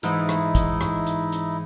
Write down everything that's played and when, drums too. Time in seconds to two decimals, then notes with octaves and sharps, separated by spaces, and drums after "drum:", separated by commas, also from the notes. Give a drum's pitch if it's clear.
0.03 G#2 E3 D#4 E4, drum: hi-hat
0.29 drum: rim click
0.55 drum: kick, hi-hat
0.81 drum: rim click
1.07 drum: hi-hat
1.32 drum: hi-hat